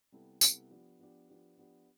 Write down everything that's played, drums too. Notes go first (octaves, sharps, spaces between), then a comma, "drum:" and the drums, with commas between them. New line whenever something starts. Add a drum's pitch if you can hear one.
C3 G3 B3 E4 A4
C3 G3 B3 E4 A4, drum: tambourine
F3 B3 D4 G4
F3 B3 D4 G4
F3 B3 D4 G4
F3 B3 D4 G4